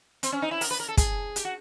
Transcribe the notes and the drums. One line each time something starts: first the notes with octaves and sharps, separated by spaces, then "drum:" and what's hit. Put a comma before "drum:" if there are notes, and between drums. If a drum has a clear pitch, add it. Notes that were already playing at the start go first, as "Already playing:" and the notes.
C4, drum: hi-hat
C#4
D#4
E4
A#4, drum: open hi-hat
B4
A#4
A4
G#4, drum: kick, hi-hat
G4, drum: hi-hat
F#4